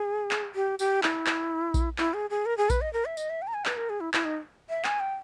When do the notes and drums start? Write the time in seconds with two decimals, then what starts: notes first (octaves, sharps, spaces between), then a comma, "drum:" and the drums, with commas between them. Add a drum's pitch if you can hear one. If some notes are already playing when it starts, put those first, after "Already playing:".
Already playing: G#4
0.31 drum: clap
0.55 G4
0.79 G4, drum: tambourine
1.03 E4, drum: clap
1.26 drum: clap
1.74 drum: kick A#1, tambourine
1.98 E4, drum: clap
2.14 G#4
2.30 G#4
2.46 A#4
2.58 G#4
2.70 B4, drum: kick A#1, tambourine
2.81 D#5
2.93 A#4
3.05 E5
3.17 D#5, drum: tambourine
3.30 E5
3.42 G5
3.48 A#5
3.54 G#5
3.65 B4, drum: clap
3.77 A#4
3.90 G#4
4.00 E4
4.14 E4, drum: clap
4.25 D#4
4.69 E5
4.84 G#5, drum: clap
5.00 G5